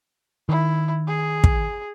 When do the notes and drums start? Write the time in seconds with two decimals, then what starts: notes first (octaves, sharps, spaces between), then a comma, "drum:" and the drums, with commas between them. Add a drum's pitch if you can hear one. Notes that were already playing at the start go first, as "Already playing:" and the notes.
0.49 D#3 E4
1.07 G#4
1.44 drum: kick